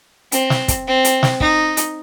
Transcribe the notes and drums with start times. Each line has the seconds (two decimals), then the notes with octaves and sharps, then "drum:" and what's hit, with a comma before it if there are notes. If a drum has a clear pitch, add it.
0.32 C4, drum: hi-hat
0.50 drum: snare
0.68 drum: kick, hi-hat
0.87 C4
1.05 drum: hi-hat
1.23 drum: snare
1.40 D#4, drum: kick
1.77 drum: hi-hat